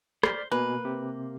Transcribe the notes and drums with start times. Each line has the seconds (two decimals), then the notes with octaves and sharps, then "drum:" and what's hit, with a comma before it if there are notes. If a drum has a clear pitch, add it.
0.23 C5 D5 F6 B6, drum: rim click
0.51 B2 A#3 B4 G#5
0.84 C3 G4